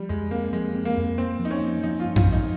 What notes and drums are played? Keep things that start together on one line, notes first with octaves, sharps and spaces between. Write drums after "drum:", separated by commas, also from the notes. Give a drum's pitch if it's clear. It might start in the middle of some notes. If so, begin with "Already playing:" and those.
Already playing: F3 G3
F2 G#3
A#3 C4
F3 G#3
C4
A#3
F2
A#3 C4
F3
D#4
C#4
A#3
F3 D#4
F4
G2
F4, drum: tom F2
F3
D#4